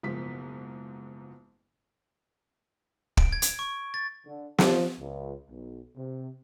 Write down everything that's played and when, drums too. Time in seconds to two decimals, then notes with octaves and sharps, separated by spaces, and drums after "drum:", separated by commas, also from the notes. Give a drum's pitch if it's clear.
0.03 F#1 G#2 B2 F3 B6
3.17 D7, drum: kick
3.33 G#6
3.42 drum: hi-hat
3.59 C#6
3.94 A6
4.27 D3
4.58 F3, drum: snare
4.99 C#2
5.49 B1
5.96 C3